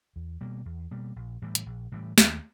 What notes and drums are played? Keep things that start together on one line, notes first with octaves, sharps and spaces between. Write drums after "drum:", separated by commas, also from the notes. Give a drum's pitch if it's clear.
E2
B2 G3 A#3
E2
B2 G3 A#3
A#1
A2 E3 G3
drum: hi-hat
A#1
A2 E3 G3
D#2, drum: snare